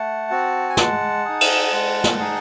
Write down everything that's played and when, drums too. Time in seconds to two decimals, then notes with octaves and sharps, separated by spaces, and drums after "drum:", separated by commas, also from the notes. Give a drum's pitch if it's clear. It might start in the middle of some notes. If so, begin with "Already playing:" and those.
Already playing: A3 F#5 A5
0.31 C4 F#4
0.69 G#5
0.77 G#3 F#5 A5, drum: snare
1.25 D#4 G#4
1.41 drum: cymbal
1.72 G#3
2.04 drum: snare
2.19 D#4 G#4